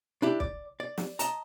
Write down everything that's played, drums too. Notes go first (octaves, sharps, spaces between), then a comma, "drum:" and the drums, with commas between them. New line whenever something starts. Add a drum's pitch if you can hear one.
D4 E4 G4
D5, drum: kick
D5
drum: snare
D#5 A5 A#5, drum: hi-hat